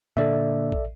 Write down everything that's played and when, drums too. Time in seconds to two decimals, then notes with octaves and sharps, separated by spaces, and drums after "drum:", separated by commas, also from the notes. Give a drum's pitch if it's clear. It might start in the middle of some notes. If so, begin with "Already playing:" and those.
0.17 A#2 D3 A4 D5 E5
0.72 drum: kick